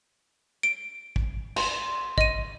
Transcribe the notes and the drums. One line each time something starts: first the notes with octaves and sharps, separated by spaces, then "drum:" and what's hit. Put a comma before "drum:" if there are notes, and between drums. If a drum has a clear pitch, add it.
D7
drum: kick
C6, drum: cymbal
D#5 D#7, drum: kick